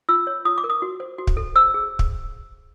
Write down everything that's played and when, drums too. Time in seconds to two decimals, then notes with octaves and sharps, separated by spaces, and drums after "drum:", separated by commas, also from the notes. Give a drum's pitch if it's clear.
0.09 F4 E6
0.27 C#5
0.45 F4 D#6
0.58 D6
0.64 A#4
0.70 D#6
0.82 F#4
1.00 C5
1.18 F#4
1.27 drum: kick
1.37 A4
1.55 C5 E6
1.74 G#4
1.99 drum: kick